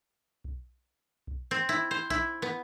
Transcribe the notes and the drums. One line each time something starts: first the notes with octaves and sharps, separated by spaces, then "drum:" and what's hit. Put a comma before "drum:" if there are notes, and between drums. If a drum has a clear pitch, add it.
drum: kick B1
drum: kick B1
C4
E4
C5
E4, drum: kick B1
B3